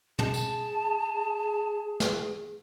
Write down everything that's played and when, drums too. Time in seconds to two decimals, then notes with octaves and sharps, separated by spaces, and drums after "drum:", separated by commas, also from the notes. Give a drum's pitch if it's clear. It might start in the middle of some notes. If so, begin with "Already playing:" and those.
0.19 G#4 A5, drum: tom
0.34 drum: tambourine
2.00 drum: snare